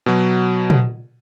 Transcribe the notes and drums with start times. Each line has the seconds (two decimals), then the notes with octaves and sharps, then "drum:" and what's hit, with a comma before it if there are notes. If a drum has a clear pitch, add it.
0.06 B2 F#3
0.70 drum: tom